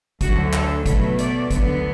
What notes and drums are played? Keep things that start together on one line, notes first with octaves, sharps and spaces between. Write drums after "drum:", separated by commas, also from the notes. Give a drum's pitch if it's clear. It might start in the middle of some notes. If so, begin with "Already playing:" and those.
D2 D3 F#3 F#4, drum: kick, hi-hat
A4, drum: clap
B2 F#3 A3 B4, drum: kick, hi-hat
D5, drum: hi-hat
D2 D3 F#3 B3, drum: kick, hi-hat